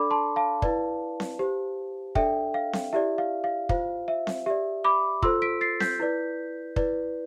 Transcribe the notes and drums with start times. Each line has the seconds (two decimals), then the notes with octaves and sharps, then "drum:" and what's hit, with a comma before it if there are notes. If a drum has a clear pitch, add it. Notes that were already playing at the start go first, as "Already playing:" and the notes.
Already playing: D4 A4 D5 B5 D6
0.11 A5 C6
0.36 F5 A5
0.62 E4 B4 D5, drum: kick
1.20 drum: snare C4
1.39 G4 C5
2.15 D4 A4 D5 E5 G5, drum: kick
2.54 F5
2.73 drum: snare C4
2.93 E4 G4 D5 E5
3.18 F5
3.44 F5
3.69 F4 C5 F5, drum: kick
4.08 E5
4.27 drum: snare C4
4.46 G4 D5 E5
4.84 B5 D6
5.22 F4 A4 C5 C6 E6, drum: kick
5.42 B6 D7
5.61 A6 C7
5.80 G6 B6, drum: snare C4
6.00 E4 B4 D5
6.76 E4 B4 D5, drum: kick